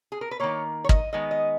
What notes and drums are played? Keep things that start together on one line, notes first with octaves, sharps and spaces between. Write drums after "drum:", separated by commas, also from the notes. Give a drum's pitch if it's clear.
G#4
A#4
B4
D#3 A#3 C#5
C#5
D#5, drum: kick
D#3 G#3 B3 D#5
D#5